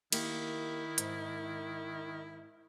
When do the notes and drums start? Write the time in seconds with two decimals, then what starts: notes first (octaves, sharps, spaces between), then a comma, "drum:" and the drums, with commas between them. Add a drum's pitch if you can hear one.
0.12 D#3 A#3 E4 G4, drum: cymbal
0.98 G#2, drum: hi-hat